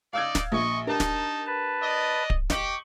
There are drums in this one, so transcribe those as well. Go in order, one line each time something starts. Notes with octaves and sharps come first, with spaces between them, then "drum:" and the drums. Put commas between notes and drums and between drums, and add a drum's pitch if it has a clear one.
D#4 D5 F5 E6 G#6
drum: snare
A#1 D#5 C#6
D4 D#4 G4 A#4 A5
drum: snare
B4 A5
D5 D#5
drum: kick D1
G4 D#5 C#6 F#7, drum: snare